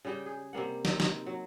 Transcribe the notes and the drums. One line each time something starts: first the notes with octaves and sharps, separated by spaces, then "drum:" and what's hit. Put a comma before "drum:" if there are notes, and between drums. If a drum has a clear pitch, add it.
C#3 G3 G5
G#4
C3 G3 A#3 F#5
C4 D#4, drum: snare
drum: snare
F#3